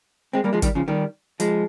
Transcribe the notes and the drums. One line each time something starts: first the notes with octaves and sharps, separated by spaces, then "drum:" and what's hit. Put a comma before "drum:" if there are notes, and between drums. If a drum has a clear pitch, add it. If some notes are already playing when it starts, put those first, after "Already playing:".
G#3 C4
G3 A#3
F3 G#3
D#3 G3, drum: kick, hi-hat
C#3 F3
D#3 G3
F3 G#3, drum: hi-hat